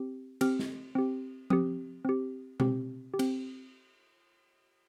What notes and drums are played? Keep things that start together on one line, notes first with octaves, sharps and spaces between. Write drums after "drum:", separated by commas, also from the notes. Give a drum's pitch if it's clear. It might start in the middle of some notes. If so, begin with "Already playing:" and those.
Already playing: C4 G4
C4 G4 F6, drum: cymbal
drum: snare
C4 G4
C4 G4 D#6, drum: tom F3
C4 G4
C4 G4, drum: tom B2
G4
C4, drum: cymbal